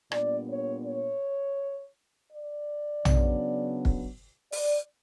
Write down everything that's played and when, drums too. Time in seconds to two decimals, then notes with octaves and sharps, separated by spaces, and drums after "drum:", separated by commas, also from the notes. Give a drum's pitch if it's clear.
0.12 A#2 G3 B3 D4 D5, drum: rim click
0.49 C#5
0.85 C#5
2.31 D5
3.05 C#3 F#3 B3 D4, drum: tom
3.85 drum: kick
4.52 D5, drum: open hi-hat